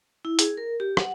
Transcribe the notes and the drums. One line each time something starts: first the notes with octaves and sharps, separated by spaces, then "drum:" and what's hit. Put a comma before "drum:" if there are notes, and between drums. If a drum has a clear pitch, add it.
E4
G#4, drum: hi-hat
A#4
G4
F#5, drum: rim click